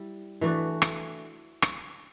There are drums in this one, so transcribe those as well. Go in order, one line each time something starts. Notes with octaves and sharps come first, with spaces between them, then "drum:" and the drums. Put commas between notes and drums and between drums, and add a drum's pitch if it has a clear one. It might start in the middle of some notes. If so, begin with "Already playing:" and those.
Already playing: G3 E4
E3 A3 D4 F#4
drum: rim click
drum: rim click